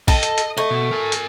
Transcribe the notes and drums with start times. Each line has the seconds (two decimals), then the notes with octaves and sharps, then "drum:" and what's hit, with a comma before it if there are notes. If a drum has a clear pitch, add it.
0.08 A4 D#5, drum: kick, open hi-hat
0.23 drum: hi-hat
0.38 drum: hi-hat
0.58 A3 D#5
0.71 B2
0.91 A#4 G#5
1.12 drum: hi-hat